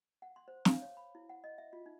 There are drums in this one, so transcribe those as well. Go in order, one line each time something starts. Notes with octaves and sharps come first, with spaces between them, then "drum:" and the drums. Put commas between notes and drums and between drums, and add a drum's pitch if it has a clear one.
F#5
C6
C5
F5, drum: snare
C#5
B5
E4
F#5
D#5
E5
F4
D#4